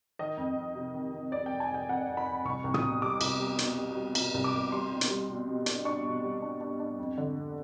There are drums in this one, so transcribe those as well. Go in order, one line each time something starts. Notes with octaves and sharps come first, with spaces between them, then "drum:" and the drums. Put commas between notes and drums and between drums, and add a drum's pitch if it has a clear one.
D#3 D#5
F2
F2
C3
D#3
D#3
F2 D5
F2 G5
G#5
F2 G5
F2 F#5
F2
B5
F2
C2 C#6
C2
D#6, drum: tom
B2
G3 D6
C2, drum: cymbal
G3
B2, drum: hi-hat
G3
G3
B2, drum: cymbal
C2
D6
C2
G3 C6
B2
drum: hi-hat
G3
B2
B2
D4, drum: hi-hat
D4 C#6
B2
G3
D4
D4
D4
F2
D3
F2